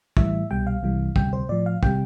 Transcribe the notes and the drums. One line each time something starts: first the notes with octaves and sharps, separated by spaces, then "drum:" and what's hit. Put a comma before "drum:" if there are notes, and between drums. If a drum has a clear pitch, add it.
A2 E3 G3 E5, drum: kick
C2 B2 G3 G5
F5
C2 C3 E3 G3
D2 C3 G3 G5, drum: kick
C5
A2 F3 D5
F5
C3 G3 G5, drum: kick